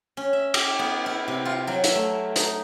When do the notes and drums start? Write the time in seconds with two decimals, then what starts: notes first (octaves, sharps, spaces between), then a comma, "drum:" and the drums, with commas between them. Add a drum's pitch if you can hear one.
0.17 C#4
0.33 E5
0.54 G4, drum: cymbal
0.79 B3
1.06 E4
1.28 C3
1.45 F4
1.67 F#3
1.84 E5, drum: hi-hat
1.95 A3
2.36 D#4, drum: hi-hat